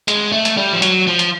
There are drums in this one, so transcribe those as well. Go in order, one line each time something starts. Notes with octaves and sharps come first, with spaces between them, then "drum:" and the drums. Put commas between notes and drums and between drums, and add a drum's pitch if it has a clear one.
G#3, drum: hi-hat
A3
drum: hi-hat
G3
F3
F#3, drum: hi-hat
F3
drum: hi-hat